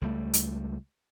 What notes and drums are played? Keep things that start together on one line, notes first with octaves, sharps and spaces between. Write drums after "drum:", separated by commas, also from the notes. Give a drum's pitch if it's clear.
C#2 G3 A3
drum: hi-hat